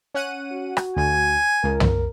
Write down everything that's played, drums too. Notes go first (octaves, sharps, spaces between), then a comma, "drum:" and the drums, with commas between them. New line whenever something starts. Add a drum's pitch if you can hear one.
C#4 F#5 D#7
F#4
drum: rim click
D2 G#5
C#2 A#4
drum: tom